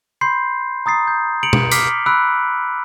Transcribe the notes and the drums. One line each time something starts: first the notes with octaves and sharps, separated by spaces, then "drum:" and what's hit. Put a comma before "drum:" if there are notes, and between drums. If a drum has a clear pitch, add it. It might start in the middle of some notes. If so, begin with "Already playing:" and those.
B5 C6 G6 C7
A#5 D#6 A6 C7
G6
C#7 D7 F7 F#7
drum: tom B2
D6 F6 B6 C7 G7, drum: hi-hat
B5 E6 F#6 D7